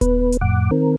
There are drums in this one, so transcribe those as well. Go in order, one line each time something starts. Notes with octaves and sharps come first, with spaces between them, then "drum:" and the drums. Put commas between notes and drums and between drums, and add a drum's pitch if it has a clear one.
B3 B4, drum: kick D#1, hi-hat
drum: hi-hat
F2 A2 F#5 D6
D#3 C4 A#4